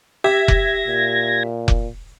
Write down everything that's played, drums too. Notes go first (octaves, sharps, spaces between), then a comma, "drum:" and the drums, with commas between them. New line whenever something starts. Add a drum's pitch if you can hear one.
G4 E5 G#6 A#6
drum: kick F1
A#2
drum: kick F1